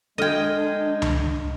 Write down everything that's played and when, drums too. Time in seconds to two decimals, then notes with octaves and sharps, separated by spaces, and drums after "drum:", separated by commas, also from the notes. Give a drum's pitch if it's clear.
0.18 G#3 D4 A4 D#5 G5 F6 G#6
1.02 drum: tom C#2